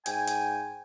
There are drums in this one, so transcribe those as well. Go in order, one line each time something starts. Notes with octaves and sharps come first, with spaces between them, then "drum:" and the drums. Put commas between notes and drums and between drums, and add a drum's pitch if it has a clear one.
G#2 G5 G#5, drum: hi-hat
drum: hi-hat